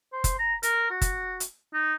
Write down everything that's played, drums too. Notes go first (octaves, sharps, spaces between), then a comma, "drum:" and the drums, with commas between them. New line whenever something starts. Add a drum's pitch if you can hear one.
C5
drum: kick F#1, hi-hat
A#5
A#4, drum: hi-hat
F#4
drum: kick F#1, hi-hat
drum: hi-hat
D#4